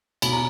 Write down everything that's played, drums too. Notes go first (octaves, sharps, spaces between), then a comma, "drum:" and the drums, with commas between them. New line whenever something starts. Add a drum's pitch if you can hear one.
B2 B5, drum: cymbal
A#5